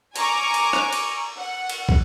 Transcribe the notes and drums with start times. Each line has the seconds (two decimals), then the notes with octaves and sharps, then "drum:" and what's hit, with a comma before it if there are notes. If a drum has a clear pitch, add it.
0.16 G#5 A#5 C#6 D6, drum: cymbal
0.54 drum: cymbal
0.73 drum: rim click
0.93 drum: cymbal
1.38 F#5
1.69 drum: cymbal
1.89 drum: kick